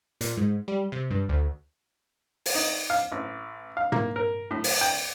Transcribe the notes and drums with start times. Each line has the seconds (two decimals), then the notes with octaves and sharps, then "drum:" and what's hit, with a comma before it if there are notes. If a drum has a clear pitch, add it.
0.21 A#2, drum: hi-hat
0.37 G#2
0.68 G3
0.92 C3
1.10 G2
1.29 D2
2.46 drum: open hi-hat
2.55 D#4
2.90 F5
3.12 A1
3.77 F5
3.92 A#3, drum: tom
4.16 A#4
4.51 A2
4.64 drum: open hi-hat
4.81 G5